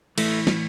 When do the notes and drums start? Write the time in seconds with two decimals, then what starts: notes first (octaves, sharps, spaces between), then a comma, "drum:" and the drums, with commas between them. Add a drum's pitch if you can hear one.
0.18 A2 E3 A3, drum: cymbal
0.47 drum: snare